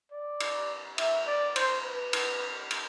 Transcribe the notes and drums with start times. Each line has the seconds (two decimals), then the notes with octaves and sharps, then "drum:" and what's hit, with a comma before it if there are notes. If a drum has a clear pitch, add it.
0.12 D5
0.40 drum: cymbal
0.98 E5, drum: cymbal
1.27 D5
1.56 C5, drum: cymbal
1.84 B4
2.13 drum: cymbal
2.71 drum: cymbal